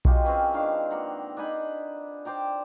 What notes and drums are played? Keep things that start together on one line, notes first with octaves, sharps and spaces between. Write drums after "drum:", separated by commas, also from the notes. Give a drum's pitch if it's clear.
F#3 G#3 F4 G4, drum: kick B1
C4 C#4 G#4 B4
D#3 D4 F5
A#3 F#5 A#5
D4 D#4 G#5 B5
C5 D5 G5 A#5